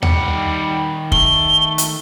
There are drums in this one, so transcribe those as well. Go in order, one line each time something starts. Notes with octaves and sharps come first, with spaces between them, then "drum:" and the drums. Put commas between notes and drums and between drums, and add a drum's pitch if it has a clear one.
D#3 G3 F#5, drum: tom D#2
A3 G7, drum: kick
drum: hi-hat